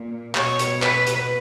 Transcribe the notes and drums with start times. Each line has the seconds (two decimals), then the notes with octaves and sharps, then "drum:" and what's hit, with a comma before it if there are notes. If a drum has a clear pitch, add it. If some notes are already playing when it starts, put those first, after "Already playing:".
Already playing: A#2
0.35 B2 C#5, drum: clap
0.59 drum: hi-hat
0.82 B4, drum: clap
1.07 drum: hi-hat